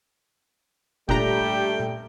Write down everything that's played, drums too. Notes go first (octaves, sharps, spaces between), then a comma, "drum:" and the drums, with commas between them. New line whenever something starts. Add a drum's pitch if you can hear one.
A#2 G3 A3 D4 G4 G5 A#5, drum: kick
drum: tom A#2